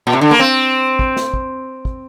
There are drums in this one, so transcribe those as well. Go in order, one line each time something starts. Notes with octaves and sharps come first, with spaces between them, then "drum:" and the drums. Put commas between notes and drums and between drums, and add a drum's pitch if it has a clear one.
A#2
C3
D3
A#3
C4
drum: kick
drum: snare
drum: kick
drum: kick